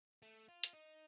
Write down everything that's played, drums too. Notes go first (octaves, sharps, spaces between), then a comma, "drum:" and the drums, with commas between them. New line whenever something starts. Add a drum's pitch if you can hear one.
A3
F4
drum: hi-hat
D#4